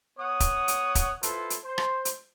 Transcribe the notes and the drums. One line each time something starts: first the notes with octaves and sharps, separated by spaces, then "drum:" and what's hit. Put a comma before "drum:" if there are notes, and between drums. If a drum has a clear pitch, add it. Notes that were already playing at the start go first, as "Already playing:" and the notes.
B3 C#5 F#5 D#6
drum: kick, hi-hat
drum: hi-hat
drum: kick, hi-hat
E4 F4 A4 B4 C5, drum: hi-hat
drum: hi-hat
C5
drum: rim click
drum: hi-hat